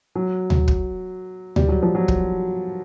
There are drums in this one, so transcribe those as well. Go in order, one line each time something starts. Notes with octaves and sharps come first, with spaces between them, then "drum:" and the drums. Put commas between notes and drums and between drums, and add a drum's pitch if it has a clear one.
F#3
drum: tom D2
drum: kick
G3, drum: tom D2
F#3
F3
F#3
drum: kick